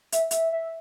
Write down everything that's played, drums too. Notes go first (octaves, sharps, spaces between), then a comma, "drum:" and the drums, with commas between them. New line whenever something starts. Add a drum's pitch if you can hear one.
E5, drum: hi-hat
E5, drum: hi-hat
E5